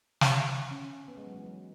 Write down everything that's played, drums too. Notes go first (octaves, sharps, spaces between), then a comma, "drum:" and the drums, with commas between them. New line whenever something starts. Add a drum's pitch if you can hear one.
drum: snare
C#4
B3
G#3
F#3
E3
F#3